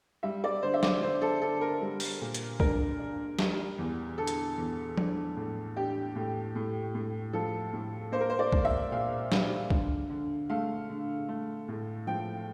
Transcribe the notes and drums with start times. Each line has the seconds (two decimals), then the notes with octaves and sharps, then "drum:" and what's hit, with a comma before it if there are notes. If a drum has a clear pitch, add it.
0.23 G3 E5
0.44 D5
0.63 D3 C5
0.74 E5
0.83 D5, drum: snare
1.03 D3 C5
1.22 A4
1.42 D3 A4
1.61 A#4
1.81 G3
2.00 drum: open hi-hat
2.21 A#2
2.34 drum: hi-hat
2.60 D4 A#4, drum: kick
2.99 D4
3.39 G3, drum: snare
3.79 E2
4.18 D3 A4
4.27 drum: hi-hat
4.58 E2
4.98 D4, drum: tom F3
5.36 A2
5.76 D4 G4
6.16 A2
6.55 A2
6.95 A2
7.33 F3 A4
7.73 A2
8.12 A#3 C5
8.20 A#4
8.30 C5
8.39 D5
8.52 A#3, drum: kick
8.65 E5
8.91 A#2 F5
9.32 G3, drum: snare
9.70 D3, drum: kick
10.09 D3
10.50 A3 F5
10.89 D3
11.29 A3
11.68 A2
12.07 F3 G5